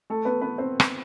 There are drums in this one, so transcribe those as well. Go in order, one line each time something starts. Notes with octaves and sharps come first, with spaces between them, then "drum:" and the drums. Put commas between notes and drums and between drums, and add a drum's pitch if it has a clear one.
A3 A4
B3 B4
B3 B4
C4 C5
drum: rim click